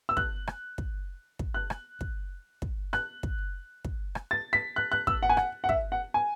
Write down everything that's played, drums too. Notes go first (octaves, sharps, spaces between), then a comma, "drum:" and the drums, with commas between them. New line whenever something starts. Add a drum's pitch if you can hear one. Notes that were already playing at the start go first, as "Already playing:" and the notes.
E6
F#6, drum: kick
drum: rim click
drum: kick
drum: kick
F#6
drum: rim click
drum: kick
drum: kick
F#6, drum: rim click
drum: kick
drum: kick
drum: rim click
A6
B6
F#6
F#6
E6, drum: kick
F#5
G#5
F#5, drum: rim click
F#5
E5, drum: kick
F#5
G#5